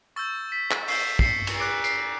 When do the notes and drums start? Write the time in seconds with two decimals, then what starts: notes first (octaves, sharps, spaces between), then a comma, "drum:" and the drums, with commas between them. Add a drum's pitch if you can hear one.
0.16 C#6 E6 G6 A6
0.52 B6
0.71 drum: clap
0.88 C#6 E6 G6 C7, drum: open hi-hat
1.19 C7, drum: kick
1.24 B6 C#7
1.47 drum: cymbal
1.60 D6 F#6 C7 D7
1.84 C7 D7, drum: tambourine